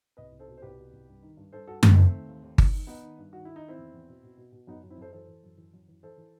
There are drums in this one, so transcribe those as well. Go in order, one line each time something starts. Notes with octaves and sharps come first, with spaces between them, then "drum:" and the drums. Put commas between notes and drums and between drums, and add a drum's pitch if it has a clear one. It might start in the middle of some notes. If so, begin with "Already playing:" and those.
C2 B4 D#5
C2
A4 C5
B2
C5
C2 G4 B4
B2
C2
G2
D#3
G2
G2 A4 C5
G2 F#4 A4
G2 B3, drum: tom F#2
D#4
D#2 A3 C4
D#3
D#2
D#2
D#3, drum: kick G1
D#3
D#3 B3 D#4
D#3
G2
D#3 F#4
D#3 E4
D#4
D#3
C4 E4
E2
E2
B2
B2
B2
B2
F#2 B3 D#4
F#2
C4 E4
F#2 A4 C5
E3 A4 C5
E3
F#2
E3
F#2
E3
E3 A4 C5
E3